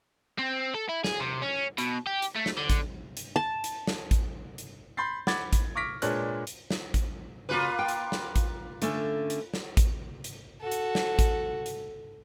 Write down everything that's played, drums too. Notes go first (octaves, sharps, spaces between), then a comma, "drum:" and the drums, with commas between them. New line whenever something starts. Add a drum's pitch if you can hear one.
C4
A4
E4
G#4, drum: snare
C3
C#4
B2, drum: hi-hat
G4
drum: hi-hat
A3
drum: snare
D3
drum: kick A1, hi-hat
drum: hi-hat
A5
drum: hi-hat
drum: snare
drum: kick A1, hi-hat
drum: hi-hat
B5 C6 G6 A6 C7
F#5 B5 D6 G#6 A6, drum: snare
drum: kick A1, hi-hat
C#6 D6 F6 A#6 B6 D7
A#2 G#3 D4 B4 C#5 F#6, drum: hi-hat
drum: hi-hat
drum: snare
drum: kick A1, hi-hat
C#3 A#3 F4 F#4 B4
G5
drum: hi-hat
drum: snare
drum: kick A1, hi-hat
D3 A3 C#4, drum: hi-hat
drum: hi-hat
drum: snare
drum: kick A1, hi-hat
drum: hi-hat
F#4 A4
drum: hi-hat
drum: snare
drum: kick A1, hi-hat
drum: hi-hat